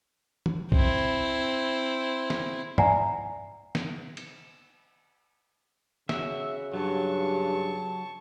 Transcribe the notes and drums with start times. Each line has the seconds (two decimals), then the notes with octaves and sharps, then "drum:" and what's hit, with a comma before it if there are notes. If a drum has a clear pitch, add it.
0.46 drum: tom
0.72 C4 E4, drum: kick A#1
2.30 drum: snare
2.78 D5 E5 F#5 G#5 A#5, drum: tom
3.75 drum: snare
4.17 drum: cymbal
6.09 C#3 F#4 E5, drum: snare
6.74 G2 F#3 A5 C#6